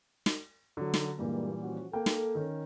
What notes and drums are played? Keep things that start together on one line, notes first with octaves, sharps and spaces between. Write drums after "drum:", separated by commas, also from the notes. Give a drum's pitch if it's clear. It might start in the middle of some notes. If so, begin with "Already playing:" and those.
drum: snare
D3 F#3
drum: snare
G2 A#2 E3 G3 G#3 A#3
F3 C#4 F#4
A#3 A4 G5
drum: snare
D#3 C#4